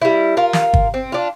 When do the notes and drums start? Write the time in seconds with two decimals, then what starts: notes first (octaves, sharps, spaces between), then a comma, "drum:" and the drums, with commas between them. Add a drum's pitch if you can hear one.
0.02 G3 E4
0.37 F4 A#4
0.53 drum: snare
0.74 drum: kick
0.94 C4
1.12 D4 F4